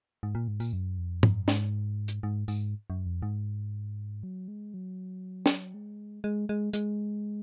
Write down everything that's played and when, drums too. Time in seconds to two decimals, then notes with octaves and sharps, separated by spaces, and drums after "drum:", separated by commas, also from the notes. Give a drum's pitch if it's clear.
0.23 G#2
0.35 A#2
0.48 G#2
0.60 A#2, drum: tambourine
0.73 F#2
0.98 F2
1.23 F#2, drum: tom
1.48 G#2, drum: snare
2.08 drum: hi-hat
2.23 G#2
2.48 G#2, drum: tambourine
2.90 F#2
3.06 F2
3.22 G#2
4.23 F#3
4.48 G#3
4.74 F#3
5.46 drum: snare
5.74 G#3
6.24 G#3
6.49 G#3
6.73 G#3, drum: hi-hat